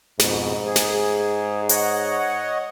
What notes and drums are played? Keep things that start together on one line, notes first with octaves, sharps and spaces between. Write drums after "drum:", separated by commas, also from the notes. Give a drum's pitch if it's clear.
F2 G#2 B2, drum: snare
G#4
drum: snare
C#5 D#5 F#5, drum: hi-hat